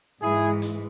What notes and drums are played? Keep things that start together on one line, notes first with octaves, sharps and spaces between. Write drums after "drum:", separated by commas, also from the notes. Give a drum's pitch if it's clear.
G#2 E3 G#3 E4 G#4
drum: open hi-hat